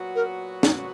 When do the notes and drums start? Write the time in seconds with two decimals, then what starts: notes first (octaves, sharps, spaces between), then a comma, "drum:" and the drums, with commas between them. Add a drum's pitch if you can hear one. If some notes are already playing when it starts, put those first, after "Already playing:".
Already playing: A#2 F#3 B3 F#4
0.15 A#4
0.63 D#4, drum: snare